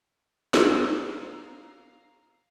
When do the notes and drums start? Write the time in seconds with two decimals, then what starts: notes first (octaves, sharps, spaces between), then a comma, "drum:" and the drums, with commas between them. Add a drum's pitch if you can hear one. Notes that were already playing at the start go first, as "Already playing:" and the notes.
0.54 F5 A#5, drum: snare